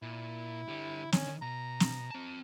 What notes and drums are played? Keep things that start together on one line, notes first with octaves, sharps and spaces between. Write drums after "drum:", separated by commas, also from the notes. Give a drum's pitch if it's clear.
A#2 E4
D3 G4
D3 D#3 C#4, drum: snare
B2 A#5
drum: snare
C4 A5